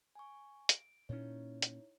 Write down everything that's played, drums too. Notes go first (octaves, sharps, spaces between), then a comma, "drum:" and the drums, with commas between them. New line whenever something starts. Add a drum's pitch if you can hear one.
G#5 C#6
D7, drum: hi-hat
A#2 C#4 D#4 E4 C#5
drum: hi-hat